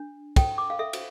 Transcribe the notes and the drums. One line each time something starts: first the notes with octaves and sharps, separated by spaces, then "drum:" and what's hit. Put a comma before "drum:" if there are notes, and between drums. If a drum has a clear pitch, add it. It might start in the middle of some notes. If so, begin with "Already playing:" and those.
Already playing: D4
A4 G5, drum: kick, cymbal
D6
F5
A4 E5
drum: cymbal